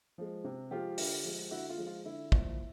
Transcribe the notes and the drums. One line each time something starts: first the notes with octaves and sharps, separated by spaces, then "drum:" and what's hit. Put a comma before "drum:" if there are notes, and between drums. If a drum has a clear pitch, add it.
F3 G#3
C3
F3 G#3 F4 G4
D3, drum: open hi-hat
F3 G#3
D3 E4 F#4
F4
F3 G#3
F4
D3 E4
F3 A#3, drum: kick